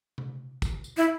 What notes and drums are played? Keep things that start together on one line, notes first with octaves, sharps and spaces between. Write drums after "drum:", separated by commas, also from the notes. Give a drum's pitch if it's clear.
drum: tom C3
drum: kick, tambourine
drum: tambourine
E4